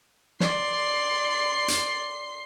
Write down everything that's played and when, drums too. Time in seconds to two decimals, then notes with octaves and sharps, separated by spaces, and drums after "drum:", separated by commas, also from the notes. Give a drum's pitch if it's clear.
0.40 D5 C6 C7, drum: snare
1.68 drum: hi-hat